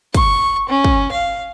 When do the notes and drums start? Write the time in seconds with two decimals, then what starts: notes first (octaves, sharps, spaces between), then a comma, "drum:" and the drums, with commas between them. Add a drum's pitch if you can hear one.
0.14 C#6, drum: kick, hi-hat
0.69 C#4
0.84 drum: kick
1.11 F5